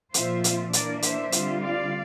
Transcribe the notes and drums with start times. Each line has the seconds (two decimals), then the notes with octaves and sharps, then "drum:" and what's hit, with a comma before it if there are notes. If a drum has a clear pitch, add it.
0.14 A#2 F3 C4 F4 C5 E5, drum: hi-hat
0.44 drum: hi-hat
0.73 E3 A#3 D4 A#4 D5, drum: hi-hat
1.02 C5 E5, drum: hi-hat
1.32 D3 G3 C4 F4, drum: hi-hat
1.62 D5 F5